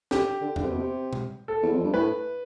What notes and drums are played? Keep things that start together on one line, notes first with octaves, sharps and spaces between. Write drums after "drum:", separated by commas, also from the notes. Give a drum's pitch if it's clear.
D3 G4, drum: snare
D3
D3, drum: tom E2
C3
B2
C3
drum: tom
A4
E2
F2
G2
A2 B4